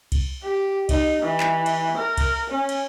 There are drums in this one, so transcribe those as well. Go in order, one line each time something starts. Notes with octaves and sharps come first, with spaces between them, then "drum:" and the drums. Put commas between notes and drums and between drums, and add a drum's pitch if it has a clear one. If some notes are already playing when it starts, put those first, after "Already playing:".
drum: kick C2, cymbal
G4
D#4, drum: kick C2, cymbal
E3
drum: clap
drum: cymbal
A#4
drum: kick C2, cymbal
C#4
drum: cymbal